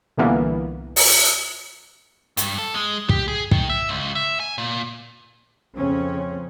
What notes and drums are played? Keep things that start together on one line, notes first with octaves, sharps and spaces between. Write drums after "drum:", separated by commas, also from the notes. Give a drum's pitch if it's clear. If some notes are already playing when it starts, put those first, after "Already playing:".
C2 A#2 D3 E3 A#3 B3
drum: open hi-hat
G2, drum: hi-hat
A4
G#3
G4, drum: kick
G#4
D#3, drum: kick
E5
C#2
E5
G#5
A#2
F2 C#3 C4 C#4